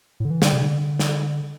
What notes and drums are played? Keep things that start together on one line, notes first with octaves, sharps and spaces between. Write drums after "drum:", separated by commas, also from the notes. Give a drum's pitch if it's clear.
A2
D3
E3
D3, drum: snare
C3
D3
drum: snare